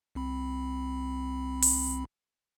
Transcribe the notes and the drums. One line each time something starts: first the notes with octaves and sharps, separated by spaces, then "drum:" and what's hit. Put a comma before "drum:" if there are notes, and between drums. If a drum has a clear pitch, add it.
C2 C4 B5
drum: open hi-hat